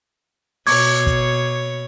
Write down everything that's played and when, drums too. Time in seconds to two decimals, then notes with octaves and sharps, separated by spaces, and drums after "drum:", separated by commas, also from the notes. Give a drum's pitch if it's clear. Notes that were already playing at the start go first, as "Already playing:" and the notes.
0.67 B2 C#5 C#6 D6 G#6, drum: open hi-hat
1.07 drum: kick, hi-hat